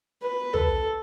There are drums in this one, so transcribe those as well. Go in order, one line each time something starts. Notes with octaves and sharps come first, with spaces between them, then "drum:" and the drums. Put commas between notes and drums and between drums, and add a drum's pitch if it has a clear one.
B4
A4, drum: tom